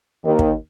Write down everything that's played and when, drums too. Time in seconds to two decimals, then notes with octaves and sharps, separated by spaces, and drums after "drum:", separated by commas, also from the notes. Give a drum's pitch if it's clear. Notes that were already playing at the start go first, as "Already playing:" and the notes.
0.25 D#2 D#3
0.39 drum: kick